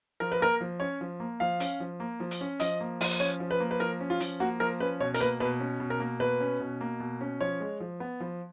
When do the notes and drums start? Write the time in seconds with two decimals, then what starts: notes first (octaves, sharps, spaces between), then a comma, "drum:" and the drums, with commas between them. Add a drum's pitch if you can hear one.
0.20 F3 A#4
0.32 B4
0.40 A#3 A#4
0.61 F3
0.80 C#4 C#5
1.01 F3
1.20 A#3
1.40 F3 F5
1.60 C#4, drum: hi-hat
1.80 F3
2.00 A#3
2.20 F3
2.31 drum: hi-hat
2.41 C#4
2.60 F3 D#5, drum: hi-hat
2.80 A#3
3.01 F3, drum: open hi-hat
3.20 C#4 C#5
3.40 F3
3.51 B4
3.60 A#3
3.71 B4
3.80 F3 A#4
4.00 C#4
4.10 F4
4.20 F3, drum: hi-hat
4.40 A#3 F#4
4.60 F3 A#4
4.80 C#4 B4
5.00 B2 C#5
5.14 A#4, drum: hi-hat
5.20 A#3 B4
5.40 B2 B4
5.60 C#4
5.80 B2
5.90 A#4
6.00 A#3
6.20 B2 B4
6.41 C#4
6.60 B2
6.81 A#3
7.00 B2
7.21 C#4
7.40 F3 C#5
7.60 G#3
7.80 F3
8.00 B3
8.20 F3